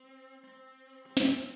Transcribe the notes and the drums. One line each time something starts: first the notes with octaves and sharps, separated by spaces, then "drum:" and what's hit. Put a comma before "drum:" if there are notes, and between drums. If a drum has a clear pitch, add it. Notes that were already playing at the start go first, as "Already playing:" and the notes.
Already playing: C4
C4
C4
drum: snare